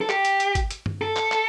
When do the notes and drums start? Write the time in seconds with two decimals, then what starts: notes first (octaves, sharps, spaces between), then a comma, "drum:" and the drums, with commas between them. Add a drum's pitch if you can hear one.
0.01 A4
0.09 G4, drum: clap
0.25 drum: hi-hat
0.40 drum: hi-hat
0.55 drum: kick, hi-hat
0.71 drum: hi-hat
0.86 drum: tom G2
1.01 A4
1.16 drum: clap
1.32 drum: clap